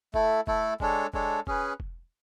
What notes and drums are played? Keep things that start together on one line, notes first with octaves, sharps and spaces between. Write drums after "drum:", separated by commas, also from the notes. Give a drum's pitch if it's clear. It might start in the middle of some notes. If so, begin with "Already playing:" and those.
A3 E4 A4, drum: kick
A3 E4 A4, drum: kick
G#3 D4 A4 C#5, drum: kick
G#3 D4 A4 C#5, drum: kick
C#4 G#4 B4, drum: kick
drum: kick